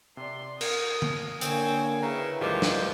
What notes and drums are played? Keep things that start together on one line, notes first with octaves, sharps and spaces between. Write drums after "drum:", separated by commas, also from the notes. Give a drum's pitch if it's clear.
C3 D5 C6
A#4 D#6, drum: cymbal
drum: tom D3
D3 A#3 C4 C#5 G#5, drum: hi-hat
C#3 E4 B4 G5 A#5
D2 G#2 D#3 F3 G3 G4
drum: snare